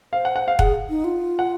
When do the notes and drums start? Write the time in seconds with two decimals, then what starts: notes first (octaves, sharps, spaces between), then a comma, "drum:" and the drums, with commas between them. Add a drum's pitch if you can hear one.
0.13 C5 F5
0.25 F#5
0.36 F#5
0.48 F5
0.59 G#4 F#5, drum: kick
0.90 D#4
1.04 F4
1.39 F#5